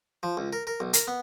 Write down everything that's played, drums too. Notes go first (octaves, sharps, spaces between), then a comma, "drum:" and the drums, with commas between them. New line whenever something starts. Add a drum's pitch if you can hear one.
F3
C#2
A#4
A#4
B1
A#4, drum: hi-hat
B3